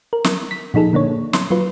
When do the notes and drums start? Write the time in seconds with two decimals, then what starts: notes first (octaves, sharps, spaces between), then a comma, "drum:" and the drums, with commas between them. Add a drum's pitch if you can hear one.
0.13 A#4
0.24 drum: snare
0.51 B6
0.74 A#2 F3 D#4 G#4 A4
0.93 D3 A#3 D4 C#5
1.33 C6, drum: snare
1.51 F#3 F4 B4